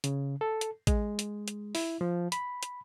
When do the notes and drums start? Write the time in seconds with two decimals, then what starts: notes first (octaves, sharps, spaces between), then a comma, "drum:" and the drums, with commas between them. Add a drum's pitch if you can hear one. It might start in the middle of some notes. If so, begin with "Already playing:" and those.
0.04 C#3, drum: hi-hat
0.41 A4
0.61 drum: hi-hat
0.87 G#3, drum: kick A1, hi-hat
1.19 drum: hi-hat
1.48 drum: hi-hat
1.75 E4, drum: open hi-hat
2.01 F3
2.32 B5, drum: hi-hat
2.63 drum: hi-hat